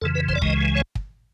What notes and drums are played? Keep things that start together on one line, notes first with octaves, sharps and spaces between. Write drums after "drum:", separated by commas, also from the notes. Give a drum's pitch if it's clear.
F2 C#3 E3 A4
B4
C5, drum: kick
D5
C#2 C#3 E3 G#3 D#5, drum: kick
C#5
drum: kick